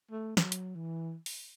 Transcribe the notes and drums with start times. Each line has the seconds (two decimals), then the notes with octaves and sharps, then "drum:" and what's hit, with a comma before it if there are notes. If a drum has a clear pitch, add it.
0.11 A3
0.37 F#3, drum: snare
0.52 drum: hi-hat
0.75 E3
1.26 drum: open hi-hat